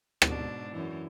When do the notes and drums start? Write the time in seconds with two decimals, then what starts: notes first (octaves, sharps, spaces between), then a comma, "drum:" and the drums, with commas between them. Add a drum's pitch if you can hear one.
0.22 G#2 B2 D4, drum: rim click
0.72 F#2 E3